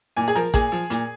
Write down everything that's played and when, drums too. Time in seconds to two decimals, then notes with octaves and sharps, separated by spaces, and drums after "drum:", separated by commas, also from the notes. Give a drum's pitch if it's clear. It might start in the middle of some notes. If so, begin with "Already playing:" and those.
0.17 A#2 G#5
0.28 G#4
0.35 F3 A#4
0.54 A#2 G#4, drum: kick A1, hi-hat
0.72 F3
0.90 A#2, drum: hi-hat